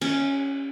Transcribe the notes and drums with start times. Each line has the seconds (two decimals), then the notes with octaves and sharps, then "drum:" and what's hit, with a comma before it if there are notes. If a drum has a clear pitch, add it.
0.01 C#4, drum: cymbal